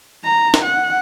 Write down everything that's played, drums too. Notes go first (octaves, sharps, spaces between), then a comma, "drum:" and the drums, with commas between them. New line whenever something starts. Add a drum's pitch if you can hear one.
A#5
drum: snare
F#5